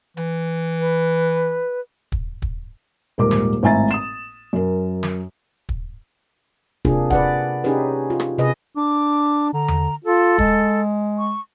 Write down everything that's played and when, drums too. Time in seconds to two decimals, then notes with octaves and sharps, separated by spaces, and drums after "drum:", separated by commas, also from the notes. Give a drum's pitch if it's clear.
0.17 E3, drum: hi-hat
0.80 B4
2.12 drum: kick
2.42 drum: kick
3.18 D#1 G#2 A#4 D6
3.31 drum: snare
3.63 G#1 A2 E5 G#5 A#5 A6
3.91 D#6 E7
4.53 F#2 A#4
5.03 drum: snare
5.69 drum: kick
6.85 C3 A#3 D4 F4 G#4, drum: kick
7.10 B4 D5 F#5, drum: kick
7.64 C#4 D#4 G4 G#4 B4
8.10 F4
8.20 drum: rim click
8.38 C3 G#4 B4 D#5
8.77 D4 D6
9.53 D3 A#5
9.68 drum: tom E2
10.05 F4 A4
10.39 G#3, drum: kick
11.19 C#6